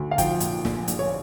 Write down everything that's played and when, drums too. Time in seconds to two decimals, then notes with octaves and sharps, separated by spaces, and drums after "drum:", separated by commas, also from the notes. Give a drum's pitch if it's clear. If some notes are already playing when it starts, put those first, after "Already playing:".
Already playing: D2
0.11 F5
0.18 F3 G5, drum: kick, hi-hat
0.40 A#2, drum: hi-hat
0.65 A#1, drum: snare
0.88 A#1, drum: hi-hat
0.99 C#5